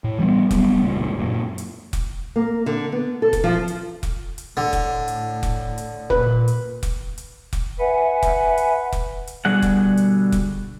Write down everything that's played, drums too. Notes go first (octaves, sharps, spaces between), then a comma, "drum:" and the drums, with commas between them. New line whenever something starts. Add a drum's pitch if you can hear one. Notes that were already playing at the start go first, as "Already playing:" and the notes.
A2
E3 G3 A3 B3
F#3 G3 B3, drum: kick, hi-hat
E1 C#2 A#2
F#2 A#2
drum: hi-hat
drum: kick, hi-hat
A#3
D3
B3
A4
drum: kick, hi-hat
F3
drum: hi-hat
drum: kick, hi-hat
drum: hi-hat
A2 D3
drum: kick, hi-hat
drum: hi-hat
drum: kick, hi-hat
drum: hi-hat
A#2 B4, drum: kick
drum: hi-hat
drum: kick, hi-hat
drum: hi-hat
drum: kick, hi-hat
B4 E5 F#5 G#5
drum: kick, hi-hat
drum: hi-hat
drum: kick, hi-hat
drum: hi-hat
B2 D3 G3 G#4 F#5
drum: kick, hi-hat
drum: hi-hat
drum: kick, hi-hat